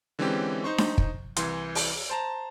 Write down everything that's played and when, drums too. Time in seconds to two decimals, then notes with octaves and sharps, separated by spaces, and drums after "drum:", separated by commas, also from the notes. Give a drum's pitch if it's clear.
0.19 D3 E3 G#3 C4 C#4 G4
0.64 D#4 C5 C#6
0.78 drum: snare D4
0.98 drum: kick
1.37 C2 E3 C6, drum: hi-hat
1.75 drum: open hi-hat
2.10 C5 A5 A#5